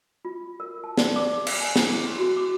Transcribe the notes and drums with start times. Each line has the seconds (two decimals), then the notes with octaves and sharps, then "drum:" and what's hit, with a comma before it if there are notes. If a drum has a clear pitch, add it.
0.25 F4
0.60 A#4
0.84 A5
0.97 D5, drum: snare
1.16 D6
1.47 F5, drum: cymbal
1.60 G#5
1.76 E4, drum: snare
1.91 G#4
2.06 C6
2.18 F#4
2.37 D6